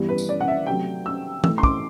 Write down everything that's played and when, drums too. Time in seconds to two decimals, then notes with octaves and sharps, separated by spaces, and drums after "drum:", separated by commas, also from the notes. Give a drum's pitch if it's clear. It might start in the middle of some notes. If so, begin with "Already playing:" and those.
Already playing: G2 E3 G3 B3
0.09 B4
0.18 drum: tambourine
0.29 D5
0.40 F#5
0.48 E5
0.66 C3 F#3 A3 G5
1.06 E6
1.44 A2 E3 A3 E6, drum: tom E3
1.58 C6
1.63 D6, drum: kick